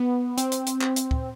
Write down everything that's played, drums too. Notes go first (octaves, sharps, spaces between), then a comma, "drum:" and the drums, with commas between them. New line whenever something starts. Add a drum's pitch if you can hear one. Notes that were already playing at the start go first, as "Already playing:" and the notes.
Already playing: B3
C4, drum: hi-hat
drum: hi-hat
drum: hi-hat
drum: clap
drum: hi-hat
drum: kick